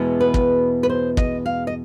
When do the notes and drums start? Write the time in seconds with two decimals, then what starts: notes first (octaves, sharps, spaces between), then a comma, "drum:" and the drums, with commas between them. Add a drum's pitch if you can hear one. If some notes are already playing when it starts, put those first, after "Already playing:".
Already playing: E2 B2 G#3 B3 E4
0.20 B4
0.34 drum: kick
0.83 B4
0.90 C5
1.17 D#5, drum: kick
1.46 F5
1.67 D#5